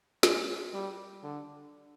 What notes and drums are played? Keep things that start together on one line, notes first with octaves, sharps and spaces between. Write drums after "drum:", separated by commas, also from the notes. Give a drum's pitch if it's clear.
G#3, drum: snare
G3
D3